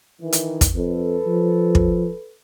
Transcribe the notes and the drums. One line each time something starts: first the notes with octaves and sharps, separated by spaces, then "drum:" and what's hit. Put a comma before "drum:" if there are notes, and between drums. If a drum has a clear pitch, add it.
D#3 E3
drum: hi-hat
drum: kick, hi-hat
F2 A4 B4
F3
drum: kick